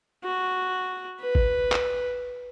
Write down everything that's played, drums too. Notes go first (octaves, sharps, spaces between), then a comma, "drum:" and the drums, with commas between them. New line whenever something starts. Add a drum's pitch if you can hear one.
F#4
B4
drum: kick G#1
drum: clap